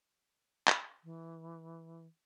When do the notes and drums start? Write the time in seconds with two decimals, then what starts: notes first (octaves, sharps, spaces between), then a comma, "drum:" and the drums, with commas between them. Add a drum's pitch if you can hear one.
0.68 drum: clap
1.04 E3